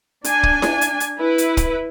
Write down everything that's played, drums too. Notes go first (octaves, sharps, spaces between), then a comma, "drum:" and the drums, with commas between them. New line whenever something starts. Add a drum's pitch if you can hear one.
D4 G#5, drum: hi-hat
drum: kick
drum: snare E4
drum: hi-hat
drum: hi-hat
E4 B4
drum: hi-hat
drum: kick, hi-hat